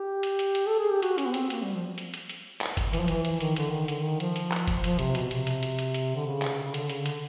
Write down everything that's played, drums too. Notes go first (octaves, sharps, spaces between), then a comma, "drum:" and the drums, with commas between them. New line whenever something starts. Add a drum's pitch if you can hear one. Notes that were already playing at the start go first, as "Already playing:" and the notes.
Already playing: G4
drum: hi-hat
drum: hi-hat
drum: hi-hat
A4
G#4
G4
F#4, drum: hi-hat
C#4, drum: hi-hat
B3
C4, drum: hi-hat
A#3, drum: hi-hat
G3
F3
drum: hi-hat
drum: hi-hat
drum: hi-hat
drum: clap
drum: kick, hi-hat
E3, drum: hi-hat
F3
E3, drum: hi-hat
drum: hi-hat
D#3, drum: hi-hat
D3, drum: hi-hat
D#3
D3, drum: hi-hat
D#3
F3, drum: hi-hat
drum: hi-hat
drum: clap
drum: kick, hi-hat
F3, drum: hi-hat
C3, drum: hi-hat
B2, drum: hi-hat
C3, drum: hi-hat
drum: hi-hat
drum: hi-hat
drum: hi-hat
drum: hi-hat
D3
C#3
drum: clap
C#3
D3, drum: hi-hat
C#3, drum: hi-hat
D3, drum: hi-hat